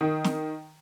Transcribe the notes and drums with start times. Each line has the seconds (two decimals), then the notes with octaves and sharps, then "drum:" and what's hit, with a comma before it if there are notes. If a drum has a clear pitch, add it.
0.01 D#3
0.24 drum: snare